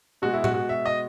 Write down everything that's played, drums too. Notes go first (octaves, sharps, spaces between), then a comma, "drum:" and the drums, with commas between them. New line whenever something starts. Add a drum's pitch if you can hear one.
B2 G#3 F#4
E4
F#4, drum: tom A2
F#4
E5
D#5